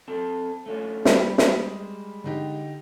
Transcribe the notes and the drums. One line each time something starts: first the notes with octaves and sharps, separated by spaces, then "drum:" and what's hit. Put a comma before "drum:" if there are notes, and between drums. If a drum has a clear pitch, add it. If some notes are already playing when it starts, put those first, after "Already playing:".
C4 A4 A5
A3 C#4 F4
G3, drum: snare
G#3, drum: snare
D3 D#4 G4